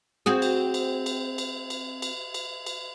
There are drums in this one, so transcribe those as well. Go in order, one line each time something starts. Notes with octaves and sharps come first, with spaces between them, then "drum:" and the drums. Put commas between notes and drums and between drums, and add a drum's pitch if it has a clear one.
C4 F#4 G#4
drum: cymbal
drum: cymbal
drum: cymbal
drum: cymbal
drum: cymbal
drum: cymbal
drum: cymbal
drum: cymbal